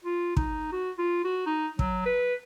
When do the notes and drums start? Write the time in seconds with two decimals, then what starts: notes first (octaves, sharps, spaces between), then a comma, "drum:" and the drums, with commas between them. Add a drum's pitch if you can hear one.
0.04 F4
0.37 D#4, drum: kick
0.72 F#4
0.98 F4
1.24 F#4
1.46 D#4
1.79 F#3, drum: kick
2.06 B4